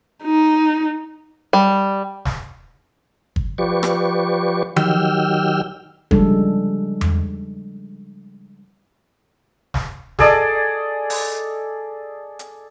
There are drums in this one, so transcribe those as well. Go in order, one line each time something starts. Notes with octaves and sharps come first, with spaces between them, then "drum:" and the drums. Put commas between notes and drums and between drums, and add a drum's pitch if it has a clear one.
D#4
G3
drum: snare
drum: kick G1
F3 G4 B4 D5 C#6
drum: rim click
D#3 F#3 G4 G5 E6 F6, drum: tom F3
C#3 F3 G3 G#3 D4 A4, drum: kick G1
drum: tom E2
drum: snare
G#4 A4 D5 D#5, drum: snare
drum: open hi-hat
drum: hi-hat